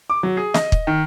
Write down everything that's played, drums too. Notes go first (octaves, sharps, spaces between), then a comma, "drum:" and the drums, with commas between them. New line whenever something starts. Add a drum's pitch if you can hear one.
D6
F#3
G#4
D#5, drum: snare
drum: kick
D#3